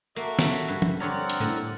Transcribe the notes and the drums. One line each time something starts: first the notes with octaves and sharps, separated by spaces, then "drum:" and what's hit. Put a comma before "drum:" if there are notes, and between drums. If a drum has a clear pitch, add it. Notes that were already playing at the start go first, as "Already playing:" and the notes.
A#3 F#4 A4 E5
drum: snare
G2
drum: tom F3
D3 C4 A#4 C#5 D5 F#5 A#5
drum: hi-hat
A2 D3